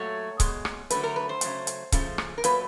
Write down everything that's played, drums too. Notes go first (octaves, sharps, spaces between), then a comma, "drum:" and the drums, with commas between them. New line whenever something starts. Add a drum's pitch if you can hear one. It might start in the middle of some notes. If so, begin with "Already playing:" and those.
Already playing: A#2 F#3 A3 C#5
B2 G#3, drum: kick C#1, hi-hat
drum: rim click
D3 F#3 A3 B4, drum: hi-hat
A#4
B4
C5
C#3 F#3 A3, drum: hi-hat
drum: hi-hat
C#3 F3 A3, drum: kick C#1, hi-hat
drum: rim click
A#4
A#2 F#3 A3 B4, drum: hi-hat